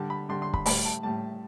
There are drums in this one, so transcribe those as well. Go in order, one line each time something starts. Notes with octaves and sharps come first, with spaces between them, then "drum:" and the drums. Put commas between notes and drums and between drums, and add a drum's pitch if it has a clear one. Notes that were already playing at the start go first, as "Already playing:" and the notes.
Already playing: D3 G3 A5
B5
D3 G3 C6
C6
B5, drum: kick
A2 G3 B5, drum: open hi-hat
A5
A2 G3 A5